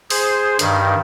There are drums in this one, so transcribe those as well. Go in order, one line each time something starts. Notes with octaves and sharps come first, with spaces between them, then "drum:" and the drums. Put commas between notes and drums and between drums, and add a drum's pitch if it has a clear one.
G#4 C5, drum: open hi-hat
G2 D#3, drum: hi-hat